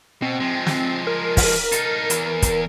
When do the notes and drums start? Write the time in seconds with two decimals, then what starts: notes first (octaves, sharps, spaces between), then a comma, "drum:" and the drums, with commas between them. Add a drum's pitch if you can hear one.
0.22 B2 C4
0.40 F3 G#3
0.67 drum: snare
1.07 A#4
1.37 drum: kick, open hi-hat
1.72 D#4 A4, drum: hi-hat
2.10 E2 E3, drum: hi-hat
2.42 drum: kick, hi-hat